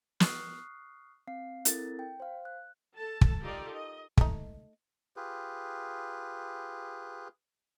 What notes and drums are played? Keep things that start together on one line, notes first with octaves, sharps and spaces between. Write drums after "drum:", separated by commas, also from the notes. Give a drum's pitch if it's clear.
C#6 D#6 F6 F#6 C7, drum: snare
C4 F5 C7
C4 E4 A4 A#4 A6, drum: hi-hat
G5
C5 F5
F#6
A4 A5
drum: kick
D#4 F4 G4 A4 A#4 D5
D#5
A3 D#4, drum: kick
F4 G4 G#4 B4